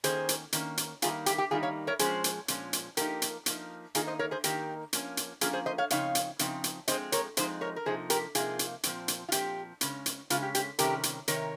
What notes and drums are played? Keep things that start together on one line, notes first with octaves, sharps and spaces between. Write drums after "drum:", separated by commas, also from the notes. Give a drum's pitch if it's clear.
D#3 A#3 C#4 G#4 C5, drum: hi-hat
drum: hi-hat
D#3 A#3 C#4, drum: hi-hat
drum: hi-hat
D#3 G3 A#3 D#4 F4 G#4, drum: hi-hat
G4, drum: hi-hat
G4
D#3 G3 A#3 D#4 F4 G#4
C#5 F5
A#4 C#5
A#2 F3 G#3 C#4 G#4 C5, drum: hi-hat
drum: hi-hat
A#2 F3 G#3 C#4, drum: hi-hat
drum: hi-hat
F3 A#3 D#4 G4 A#4, drum: hi-hat
drum: hi-hat
F3 A#3 D#4, drum: hi-hat
D#3 A#3 D#4 F4 G#4, drum: hi-hat
C5 D#5
A#4 C#5
G#4 C5
D#3 A#3 D#4 G4 A#4, drum: hi-hat
F3 A#3 C#4, drum: hi-hat
drum: hi-hat
F3 A#3 C#4 F4 G#4, drum: hi-hat
G#4 C5
C5 D#5
C#5 F5
C#3 F3 C4 D#4 C#5 F5, drum: hi-hat
drum: hi-hat
C#3 F3 C4 D#4, drum: hi-hat
drum: hi-hat
F3 G#3 C4 D#4 C5 D#5, drum: hi-hat
A#4 C#5, drum: hi-hat
F3 G#3 C4 D#4 C5 D#5, drum: hi-hat
A#4 C#5
A#4
C3 F3 A#3 D#4 G#4 C5
G4 A#4, drum: hi-hat
C3 F3 A#3 D#4 F4 G#4, drum: hi-hat
drum: hi-hat
A#2 F3 C4, drum: hi-hat
drum: hi-hat
F4
A#2 F3 C4 G4, drum: hi-hat
C#3 G#3 C#4, drum: hi-hat
drum: hi-hat
C#3 G#3 C#4 F4, drum: hi-hat
G4
G4, drum: hi-hat
C3 D#3 G3 C#4 G4 A#4, drum: hi-hat
drum: hi-hat
C3 D#3 A#4 C#5, drum: hi-hat